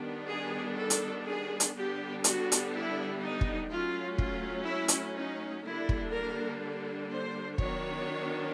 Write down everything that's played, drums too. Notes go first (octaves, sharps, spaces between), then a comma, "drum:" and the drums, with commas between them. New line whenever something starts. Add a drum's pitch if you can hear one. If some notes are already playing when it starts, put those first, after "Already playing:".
Already playing: D#3 G3 B3 D4
G#4
A4
drum: hi-hat
G#4
drum: hi-hat
D3 G3 B3 D4 G4
F#4, drum: hi-hat
drum: hi-hat
E4
D#4
drum: kick
F#3 A3 C#4 F4
F4, drum: kick
E4
drum: hi-hat
D#4
D3 G3 A#3 D4 E4
drum: kick
A#4
C5
D#3 F#3 B3 D4 C#5, drum: kick